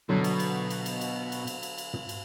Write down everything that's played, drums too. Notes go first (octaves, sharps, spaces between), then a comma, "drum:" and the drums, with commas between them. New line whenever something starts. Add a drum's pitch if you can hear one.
B2 D3 F#3
drum: cymbal
drum: cymbal
drum: cymbal
drum: cymbal
drum: cymbal
drum: cymbal
drum: cymbal
drum: cymbal
drum: cymbal
drum: tom
drum: cymbal